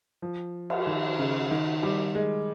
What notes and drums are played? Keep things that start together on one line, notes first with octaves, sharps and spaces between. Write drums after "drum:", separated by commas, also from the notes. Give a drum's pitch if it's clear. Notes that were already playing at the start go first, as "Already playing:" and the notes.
F3
drum: cymbal
D#3
C#3
D#3
G3
G#3